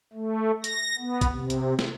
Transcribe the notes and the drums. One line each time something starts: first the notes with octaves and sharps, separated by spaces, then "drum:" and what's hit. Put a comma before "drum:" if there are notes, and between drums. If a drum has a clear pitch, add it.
A3
A#6, drum: hi-hat
B3
drum: kick, hi-hat
C3
drum: hi-hat
drum: snare